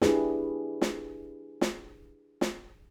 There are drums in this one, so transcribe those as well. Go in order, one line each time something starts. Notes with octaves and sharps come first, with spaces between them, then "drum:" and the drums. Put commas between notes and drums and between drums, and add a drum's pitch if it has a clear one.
D4 E4 G4 G#4 B4, drum: snare
drum: snare
drum: snare
drum: snare